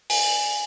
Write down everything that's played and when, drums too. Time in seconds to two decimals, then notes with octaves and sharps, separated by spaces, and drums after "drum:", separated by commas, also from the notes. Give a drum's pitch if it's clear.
0.10 G#5, drum: open hi-hat